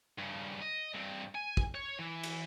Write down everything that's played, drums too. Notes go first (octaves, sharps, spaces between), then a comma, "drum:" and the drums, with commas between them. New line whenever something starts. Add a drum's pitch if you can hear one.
G2 C#3
D#5
G2 C4
G#5
drum: kick
C#5
E3
drum: cymbal